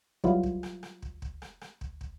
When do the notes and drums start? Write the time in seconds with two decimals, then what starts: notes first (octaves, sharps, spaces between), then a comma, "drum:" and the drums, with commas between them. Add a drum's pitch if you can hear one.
0.24 F#3 G3 B3 E4 F4, drum: kick
0.43 drum: kick
0.63 drum: rim click
0.83 drum: rim click
1.02 drum: kick
1.22 drum: kick
1.42 drum: rim click
1.61 drum: rim click
1.81 drum: kick
2.01 drum: kick